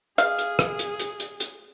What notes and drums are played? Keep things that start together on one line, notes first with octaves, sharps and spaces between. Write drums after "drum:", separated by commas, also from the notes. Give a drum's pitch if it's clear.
G#4 F5, drum: hi-hat
drum: hi-hat
drum: rim click
drum: hi-hat
drum: hi-hat
drum: hi-hat
drum: hi-hat